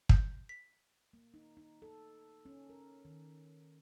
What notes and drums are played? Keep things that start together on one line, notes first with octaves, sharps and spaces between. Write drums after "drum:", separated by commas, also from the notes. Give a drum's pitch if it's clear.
G6, drum: kick
B6
A#3
D#4
D#4
A4
C#4
A#4
D#3